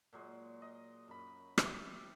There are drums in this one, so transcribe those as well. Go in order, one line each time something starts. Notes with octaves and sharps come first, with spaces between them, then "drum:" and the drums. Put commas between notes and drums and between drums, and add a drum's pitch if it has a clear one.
A#2 F#3 G#3
D#5
F#2 B5
G4 E5, drum: rim click